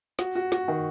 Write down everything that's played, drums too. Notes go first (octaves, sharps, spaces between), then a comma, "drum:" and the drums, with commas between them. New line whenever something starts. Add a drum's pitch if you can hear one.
F#4, drum: snare
F#4
F#4, drum: snare
D#3